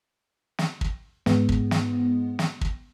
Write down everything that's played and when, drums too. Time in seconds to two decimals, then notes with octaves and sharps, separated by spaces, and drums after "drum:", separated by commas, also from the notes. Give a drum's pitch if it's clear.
0.59 drum: snare
0.81 drum: kick
1.26 G#2 G#3 B3, drum: snare
1.49 drum: kick
1.71 drum: snare
2.39 drum: snare
2.61 drum: kick